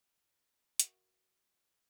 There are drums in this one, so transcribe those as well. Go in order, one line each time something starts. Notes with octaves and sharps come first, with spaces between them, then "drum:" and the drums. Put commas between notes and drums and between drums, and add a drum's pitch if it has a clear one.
F#4 A#4 E5 F#5 C#6 D#6, drum: hi-hat